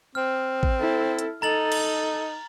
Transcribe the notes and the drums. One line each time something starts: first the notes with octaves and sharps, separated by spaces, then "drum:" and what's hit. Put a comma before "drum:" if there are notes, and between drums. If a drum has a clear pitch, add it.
C4 F6
drum: kick A1
E4 A4
drum: hi-hat
D#4 A4 A#5 A6 F#7
drum: cymbal